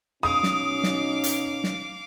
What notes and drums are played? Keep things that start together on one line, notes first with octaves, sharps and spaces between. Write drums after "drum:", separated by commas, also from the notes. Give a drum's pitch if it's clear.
B2 C#4 D#4 F5 D6 D#6
drum: snare
drum: snare
drum: hi-hat
drum: snare